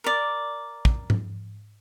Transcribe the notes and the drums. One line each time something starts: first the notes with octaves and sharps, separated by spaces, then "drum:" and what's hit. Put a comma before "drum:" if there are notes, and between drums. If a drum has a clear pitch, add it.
A#4 D5
drum: kick
drum: tom G#2